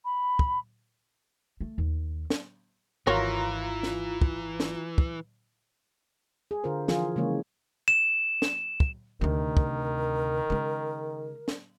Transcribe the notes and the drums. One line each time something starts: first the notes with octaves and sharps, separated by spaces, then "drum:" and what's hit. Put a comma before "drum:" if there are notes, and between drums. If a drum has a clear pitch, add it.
B5
drum: kick
A3
D#2
drum: snare
G#1 E3 F#3 F4 A#4 C#5 A#5
drum: snare
drum: kick
drum: snare
drum: kick
G#4
D3 F4 G#4 A#4 C5
E3 F3 F4 G#4, drum: snare
C#3 E3 G#3 A#3 C#5
E7
drum: snare
drum: kick
D2 C3 D#3 A#4
drum: kick
C#3 G#3
drum: snare